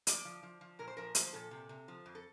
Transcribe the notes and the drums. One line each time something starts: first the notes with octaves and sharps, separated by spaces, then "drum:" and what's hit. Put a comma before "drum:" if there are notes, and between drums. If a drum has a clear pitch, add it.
F3 D5, drum: hi-hat
F3
F3
F3
A#2 A#4
C5
F3 A#4
F3 C5, drum: hi-hat
A#2 A4
C3
C3
F3
F2
A4